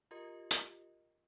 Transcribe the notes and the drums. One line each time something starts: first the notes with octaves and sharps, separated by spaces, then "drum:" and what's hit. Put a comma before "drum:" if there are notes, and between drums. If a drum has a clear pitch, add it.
F4 G4 A#4 D#5
drum: hi-hat